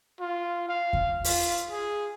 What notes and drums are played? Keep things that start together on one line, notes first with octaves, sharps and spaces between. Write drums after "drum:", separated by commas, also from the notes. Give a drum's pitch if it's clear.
F4
F5
drum: kick E2
F4, drum: open hi-hat
G#4